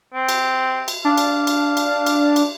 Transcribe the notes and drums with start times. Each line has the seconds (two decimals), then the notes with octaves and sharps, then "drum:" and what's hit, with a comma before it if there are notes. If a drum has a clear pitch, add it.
0.14 C4
0.29 drum: cymbal
0.88 drum: cymbal
1.05 D4 F5
1.18 drum: cymbal
1.47 drum: cymbal
1.77 drum: cymbal
2.06 drum: cymbal
2.36 drum: cymbal